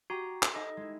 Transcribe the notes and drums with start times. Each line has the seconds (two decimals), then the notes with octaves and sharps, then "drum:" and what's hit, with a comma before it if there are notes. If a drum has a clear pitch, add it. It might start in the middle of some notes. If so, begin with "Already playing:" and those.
0.10 F#4 G4 G5 A#5
0.43 A4, drum: clap
0.55 D#4 D#5
0.77 G#3 E4